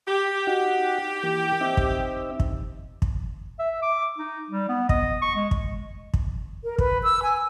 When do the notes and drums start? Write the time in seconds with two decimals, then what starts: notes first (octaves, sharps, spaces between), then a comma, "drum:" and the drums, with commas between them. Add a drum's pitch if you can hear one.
0.08 G4
0.47 D#4 F#4 F#5
1.23 E3 A#3
1.61 C4 D#4 E5
1.77 drum: kick
2.40 drum: kick
3.02 drum: kick
3.59 E5
3.82 D6
4.18 D#4
4.50 G3
4.69 B3
4.89 D#5, drum: kick
5.22 C#6
5.36 G#3
5.51 drum: kick
6.14 drum: kick
6.64 A#4
6.78 B4, drum: kick
7.03 E6
7.23 G#5